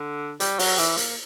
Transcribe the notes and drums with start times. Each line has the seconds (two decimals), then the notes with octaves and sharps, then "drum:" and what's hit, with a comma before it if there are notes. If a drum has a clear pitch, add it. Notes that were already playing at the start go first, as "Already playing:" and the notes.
Already playing: D3
0.40 G3, drum: hi-hat
0.59 F#3, drum: open hi-hat
0.78 E3, drum: hi-hat
0.97 A#3, drum: hi-hat